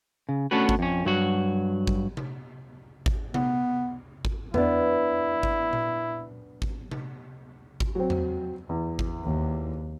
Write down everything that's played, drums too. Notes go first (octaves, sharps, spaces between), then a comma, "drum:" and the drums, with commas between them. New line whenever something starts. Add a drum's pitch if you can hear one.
C#3
A3 B3 C#4 D4 F#4 B4
drum: kick G#1
F2 C#4
G2 F#3 F#4
drum: kick G#1
drum: tom C3
drum: kick G#1
B3, drum: tom C3
drum: kick G#1
B3 D4 E4, drum: tom E2
drum: kick G#1
drum: tom A#2
drum: kick G#1
drum: tom C3
drum: kick G#1
F#3 C4
drum: tom E2
E2
drum: kick G#1
D#2